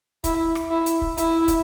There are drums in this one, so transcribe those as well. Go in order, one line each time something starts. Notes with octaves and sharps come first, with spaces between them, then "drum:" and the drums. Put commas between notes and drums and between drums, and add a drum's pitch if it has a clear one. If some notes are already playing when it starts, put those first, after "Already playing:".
E4, drum: kick, hi-hat
drum: rim click
E4
drum: hi-hat
drum: kick
E4, drum: hi-hat
drum: kick, hi-hat